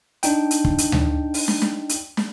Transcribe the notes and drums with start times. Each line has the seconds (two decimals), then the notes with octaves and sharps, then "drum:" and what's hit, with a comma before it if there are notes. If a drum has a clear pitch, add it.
0.23 D4 D#4 G5, drum: hi-hat
0.51 drum: hi-hat
0.64 drum: kick
0.78 drum: hi-hat
0.92 drum: tom D2
1.34 drum: open hi-hat
1.48 drum: snare
1.62 drum: snare
1.89 drum: hi-hat
2.17 drum: snare